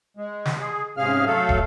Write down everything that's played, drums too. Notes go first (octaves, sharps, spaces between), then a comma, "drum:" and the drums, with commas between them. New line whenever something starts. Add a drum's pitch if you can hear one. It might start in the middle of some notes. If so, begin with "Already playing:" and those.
G#3
drum: snare
G#4
G#2 C3 C#4 G#4 F5 F6
F#3 A3 A4 F5
drum: kick